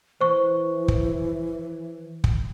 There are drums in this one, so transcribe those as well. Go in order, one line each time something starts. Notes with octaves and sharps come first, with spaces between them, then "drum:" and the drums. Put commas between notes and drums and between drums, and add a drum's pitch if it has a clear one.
E3 C5 C#6
drum: kick
drum: kick